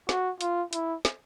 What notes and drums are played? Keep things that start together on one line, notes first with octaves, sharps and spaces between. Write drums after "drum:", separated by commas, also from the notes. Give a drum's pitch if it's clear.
F#4, drum: snare
F4, drum: hi-hat
E4, drum: hi-hat
drum: snare